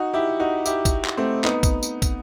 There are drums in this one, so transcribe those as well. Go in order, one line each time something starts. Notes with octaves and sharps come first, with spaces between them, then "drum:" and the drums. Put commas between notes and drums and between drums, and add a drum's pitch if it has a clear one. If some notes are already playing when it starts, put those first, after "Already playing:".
Already playing: D#4 F#4
E4 G4
D#4 F#4
E4 G4, drum: tambourine
drum: kick, tambourine
drum: clap
A3 C4
B3 D#4, drum: clap
drum: kick, tambourine
drum: tambourine
drum: kick, tambourine